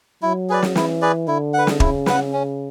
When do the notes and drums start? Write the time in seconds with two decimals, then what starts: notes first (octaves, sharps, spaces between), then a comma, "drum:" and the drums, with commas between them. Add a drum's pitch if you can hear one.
0.23 F#3 E4
0.49 G#4 B4 D5
0.62 drum: snare
0.75 E3 E4, drum: snare
1.02 G#4 B4 D5
1.28 D3 E4
1.54 B4 F#5
1.67 drum: snare
1.80 C#3 E4, drum: kick
2.06 B4 F#5, drum: snare
2.33 C#4